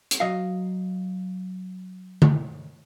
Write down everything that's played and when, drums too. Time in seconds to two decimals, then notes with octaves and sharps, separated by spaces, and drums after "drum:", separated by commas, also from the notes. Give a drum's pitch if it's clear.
0.11 drum: hi-hat
0.20 F#3 D#5 F5
2.22 drum: tom D3